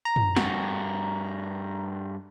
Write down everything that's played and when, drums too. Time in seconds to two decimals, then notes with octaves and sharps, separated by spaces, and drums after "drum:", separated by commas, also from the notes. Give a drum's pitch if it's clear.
0.05 A#5
0.16 drum: tom
0.36 G2 F#4, drum: snare